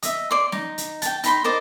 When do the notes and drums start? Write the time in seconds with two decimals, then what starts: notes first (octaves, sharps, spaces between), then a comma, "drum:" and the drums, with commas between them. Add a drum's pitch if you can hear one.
0.03 D#5 E5, drum: hi-hat
0.31 D5 C6
0.52 D#4, drum: snare
0.78 drum: hi-hat
1.02 G5 A5, drum: hi-hat
1.24 D#4 B5 C6, drum: hi-hat
1.44 A#4 C5 D5 D#5